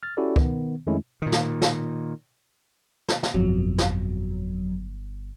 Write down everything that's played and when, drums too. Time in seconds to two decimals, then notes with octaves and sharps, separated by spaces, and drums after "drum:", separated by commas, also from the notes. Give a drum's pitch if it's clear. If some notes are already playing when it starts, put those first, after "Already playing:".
0.03 F6 A6
0.17 C#4 E4 F#4 G4 A4 D5
0.36 D#3 B3, drum: kick C#2
0.87 F2 D#3 G#3 A3 C#4 E4
1.22 A#2 D#3
1.32 drum: snare
1.62 drum: snare
3.08 drum: snare
3.23 drum: snare
3.34 G1 F2 B2 F#3
3.78 drum: snare